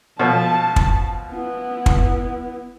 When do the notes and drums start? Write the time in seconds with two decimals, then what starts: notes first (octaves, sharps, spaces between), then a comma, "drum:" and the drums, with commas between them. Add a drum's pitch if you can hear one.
0.19 B2 F3 A5
0.76 drum: kick
1.31 B3 E4
1.86 drum: kick